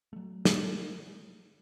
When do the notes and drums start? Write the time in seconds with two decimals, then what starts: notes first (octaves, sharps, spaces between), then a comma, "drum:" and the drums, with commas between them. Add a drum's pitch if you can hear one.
0.13 F#3 A3
0.45 drum: snare